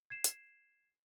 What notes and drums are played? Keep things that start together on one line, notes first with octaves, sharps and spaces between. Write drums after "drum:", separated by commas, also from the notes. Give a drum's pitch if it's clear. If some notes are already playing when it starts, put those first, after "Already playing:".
G#6 C7 E7
drum: hi-hat